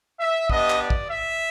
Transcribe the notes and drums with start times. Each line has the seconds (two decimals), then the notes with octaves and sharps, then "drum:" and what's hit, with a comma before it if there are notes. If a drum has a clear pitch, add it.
0.20 E5
0.50 B3 D4 G4 D#5, drum: kick
0.70 drum: clap
0.80 D5
0.90 drum: kick
1.10 E5